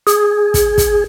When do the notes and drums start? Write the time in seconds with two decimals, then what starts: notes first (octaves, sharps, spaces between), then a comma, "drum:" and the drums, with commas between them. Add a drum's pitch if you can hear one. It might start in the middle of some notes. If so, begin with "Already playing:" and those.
0.07 G#4, drum: hi-hat
0.54 drum: kick, hi-hat
0.78 drum: kick, hi-hat